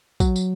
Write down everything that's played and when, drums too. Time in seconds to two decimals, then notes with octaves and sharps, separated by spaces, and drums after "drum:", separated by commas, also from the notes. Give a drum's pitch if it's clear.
0.20 F#3, drum: kick, tambourine
0.36 drum: tambourine